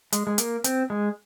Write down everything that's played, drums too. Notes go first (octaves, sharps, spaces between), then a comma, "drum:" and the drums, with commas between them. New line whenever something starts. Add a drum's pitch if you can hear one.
G#3, drum: hi-hat
G#3
A#3, drum: hi-hat
C4, drum: hi-hat
G#3